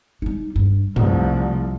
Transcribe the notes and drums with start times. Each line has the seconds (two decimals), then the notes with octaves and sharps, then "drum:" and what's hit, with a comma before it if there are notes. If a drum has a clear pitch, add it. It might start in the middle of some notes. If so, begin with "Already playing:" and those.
0.22 G3 D#4
0.56 G2
0.96 C2 F3 A3, drum: tom